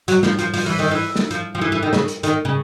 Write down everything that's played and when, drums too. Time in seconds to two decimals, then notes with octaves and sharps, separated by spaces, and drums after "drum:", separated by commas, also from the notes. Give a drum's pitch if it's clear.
0.08 F#3, drum: hi-hat
0.23 F3, drum: snare
0.39 F3, drum: hi-hat
0.54 F3, drum: open hi-hat
0.66 E3
0.79 D#3
0.91 E3
1.16 drum: snare
1.31 F3, drum: hi-hat
1.55 F3
1.61 E3
1.72 E3
1.83 D#3
1.93 C#3, drum: snare
2.08 drum: hi-hat
2.23 D#3, drum: hi-hat
2.45 C#3